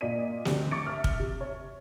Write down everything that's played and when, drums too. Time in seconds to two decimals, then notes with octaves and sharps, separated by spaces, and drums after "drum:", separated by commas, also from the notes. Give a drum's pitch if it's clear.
0.01 A#2 F4 D5 D#5 B6 D#7
0.45 D2 C4 G4, drum: snare
0.71 C#6 D6 A6 C#7 D7
0.86 E5 F6
1.04 drum: kick
1.20 C3
1.41 C#5